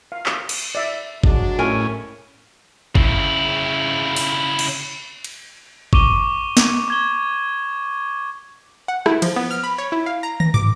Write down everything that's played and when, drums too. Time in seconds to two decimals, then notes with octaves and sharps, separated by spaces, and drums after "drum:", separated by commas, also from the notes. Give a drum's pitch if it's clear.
0.12 F5
0.26 drum: clap
0.49 drum: cymbal
0.75 D5 E5
1.24 F#3 G#3 D4, drum: kick G1
1.59 A2 C#4 A#4 G#5
2.95 C#3 E4, drum: kick G1
4.16 drum: open hi-hat
4.59 drum: cymbal
5.24 drum: cymbal
5.93 C#6 D6 D#7 G7, drum: kick G1
6.57 drum: snare
6.88 C#6 G#6 G7
8.88 F#5
9.06 E4, drum: rim click
9.22 F3, drum: cymbal
9.36 B3
9.51 F6
9.64 B5
9.78 C#5
9.92 E4
10.06 F5
10.23 A#5
10.40 A#6, drum: tom
10.54 D6, drum: tom